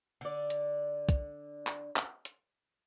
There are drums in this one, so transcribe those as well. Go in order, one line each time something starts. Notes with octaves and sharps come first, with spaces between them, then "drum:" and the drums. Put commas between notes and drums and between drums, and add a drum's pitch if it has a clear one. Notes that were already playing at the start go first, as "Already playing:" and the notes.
D3 D5
drum: hi-hat
drum: kick, hi-hat
drum: clap
drum: clap
drum: hi-hat